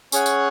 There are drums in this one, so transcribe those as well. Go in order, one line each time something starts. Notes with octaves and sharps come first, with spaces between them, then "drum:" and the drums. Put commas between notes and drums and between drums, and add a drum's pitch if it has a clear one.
C#4 G#4 C#5 F#5, drum: tambourine
drum: tambourine